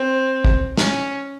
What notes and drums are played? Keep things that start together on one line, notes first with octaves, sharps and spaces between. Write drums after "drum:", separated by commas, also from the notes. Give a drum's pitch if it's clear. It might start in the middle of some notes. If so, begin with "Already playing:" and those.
Already playing: C4
drum: kick
C#4, drum: snare